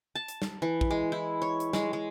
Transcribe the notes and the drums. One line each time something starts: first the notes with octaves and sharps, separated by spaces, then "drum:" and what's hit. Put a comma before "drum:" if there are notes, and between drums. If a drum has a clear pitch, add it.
A5
drum: hi-hat
drum: snare
E3
drum: kick A#1
G#3
E4
C#5
drum: hi-hat
G#3, drum: snare
G#3